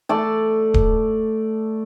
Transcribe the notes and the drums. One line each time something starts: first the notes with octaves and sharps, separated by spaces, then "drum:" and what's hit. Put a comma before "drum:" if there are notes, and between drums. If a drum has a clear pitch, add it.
A3 D5 A5
drum: kick D1